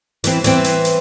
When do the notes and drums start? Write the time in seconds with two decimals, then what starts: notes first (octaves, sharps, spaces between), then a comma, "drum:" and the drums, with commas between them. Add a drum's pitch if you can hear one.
0.24 E3 C4, drum: hi-hat
0.44 E3 C4, drum: hi-hat
0.64 drum: hi-hat
0.85 drum: hi-hat